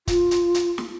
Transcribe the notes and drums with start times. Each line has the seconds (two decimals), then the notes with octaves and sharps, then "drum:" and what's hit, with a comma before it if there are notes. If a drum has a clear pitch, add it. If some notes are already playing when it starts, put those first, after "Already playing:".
0.07 F4, drum: kick, hi-hat
0.31 drum: hi-hat
0.54 drum: hi-hat
0.78 drum: snare